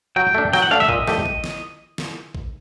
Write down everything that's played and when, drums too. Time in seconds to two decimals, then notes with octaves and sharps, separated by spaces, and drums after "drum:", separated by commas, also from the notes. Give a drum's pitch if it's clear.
0.16 F#3 G5
0.35 A3 D4
0.53 F#3 G5, drum: snare
0.62 F#5
0.71 A3 D4 F5
0.80 E5
0.89 A#2 D#5, drum: kick A1
1.07 F3 A3 D4 G4, drum: snare
1.26 drum: kick A1
1.44 drum: snare
1.98 drum: snare
2.35 drum: kick A1